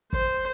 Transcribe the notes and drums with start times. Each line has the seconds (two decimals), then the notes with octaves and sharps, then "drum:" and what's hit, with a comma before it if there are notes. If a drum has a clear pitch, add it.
0.13 C5, drum: kick